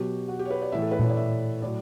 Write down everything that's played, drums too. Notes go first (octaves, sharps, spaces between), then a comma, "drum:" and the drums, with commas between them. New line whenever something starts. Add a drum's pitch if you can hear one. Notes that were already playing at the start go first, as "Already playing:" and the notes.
Already playing: B2 F#3 G4
F#4
G4
C#5
B4
D5
A2 E3 E5
A4
B4
C#5, drum: tom A#2
D5
E5
A2 F#3 D5